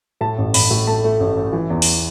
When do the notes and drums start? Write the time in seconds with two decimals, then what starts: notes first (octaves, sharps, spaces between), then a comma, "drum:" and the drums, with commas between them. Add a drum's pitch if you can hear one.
0.21 A2 A5
0.38 A1
0.54 A1 B5, drum: open hi-hat
0.71 A2
0.87 A3 A5
1.04 A3
1.20 A1
1.37 A1
1.53 E3
1.70 E2
1.82 drum: open hi-hat